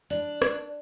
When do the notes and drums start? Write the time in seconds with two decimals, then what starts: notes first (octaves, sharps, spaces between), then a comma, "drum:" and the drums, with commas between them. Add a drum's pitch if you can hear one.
0.10 D4, drum: hi-hat
0.42 drum: rim click